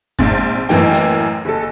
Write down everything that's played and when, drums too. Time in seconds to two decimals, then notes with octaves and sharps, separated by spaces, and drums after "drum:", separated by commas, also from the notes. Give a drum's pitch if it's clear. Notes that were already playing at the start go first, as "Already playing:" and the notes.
0.19 A#1 G#2 C4 A6, drum: kick
0.69 A1 F#2 E3 A#3 G5, drum: hi-hat
0.93 drum: hi-hat
1.45 F#1 A4